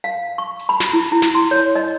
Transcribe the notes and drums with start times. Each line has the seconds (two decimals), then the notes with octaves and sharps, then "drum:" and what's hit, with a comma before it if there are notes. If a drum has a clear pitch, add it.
0.04 F5
0.38 C#6
0.59 drum: open hi-hat
0.69 B5
0.80 drum: snare
0.93 E4
1.12 E4
1.22 drum: snare
1.35 C6
1.51 C#5
1.76 D#5